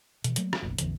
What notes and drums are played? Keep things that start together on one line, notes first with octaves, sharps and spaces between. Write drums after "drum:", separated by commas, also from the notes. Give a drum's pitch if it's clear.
B2 E3, drum: hi-hat
F#3 A3 A#3, drum: hi-hat
drum: rim click
F#1 B1
A#1 F2 D3 E3, drum: hi-hat